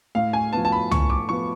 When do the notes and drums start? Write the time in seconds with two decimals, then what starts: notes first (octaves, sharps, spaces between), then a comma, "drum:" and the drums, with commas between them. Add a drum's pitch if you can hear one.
0.15 A2 F5
0.33 G#5
0.53 F3 B3 A5
0.65 A5
0.72 B5
0.91 A2 C#6, drum: tom
1.10 D6
1.29 F3 B3 C#6